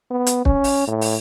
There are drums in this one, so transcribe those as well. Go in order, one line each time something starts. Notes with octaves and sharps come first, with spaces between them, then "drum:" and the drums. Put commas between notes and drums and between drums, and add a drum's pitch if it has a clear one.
B3
drum: hi-hat
C#4, drum: kick
drum: open hi-hat
A2
drum: open hi-hat